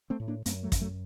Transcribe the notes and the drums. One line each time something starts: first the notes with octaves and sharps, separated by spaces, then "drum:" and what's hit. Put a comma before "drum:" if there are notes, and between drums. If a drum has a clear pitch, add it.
A3 C4
A2
A#3 D4
F#2 A3 C4, drum: hi-hat
F#3 A3
F#2, drum: kick, hi-hat
F#3 A3